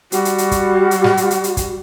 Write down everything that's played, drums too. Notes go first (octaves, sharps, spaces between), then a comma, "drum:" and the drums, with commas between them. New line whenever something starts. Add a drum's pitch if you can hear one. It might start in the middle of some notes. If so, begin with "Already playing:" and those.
G3 F#4, drum: hi-hat
drum: hi-hat
drum: hi-hat
drum: kick, hi-hat
drum: hi-hat
drum: snare
drum: hi-hat
drum: hi-hat
drum: hi-hat
drum: kick, hi-hat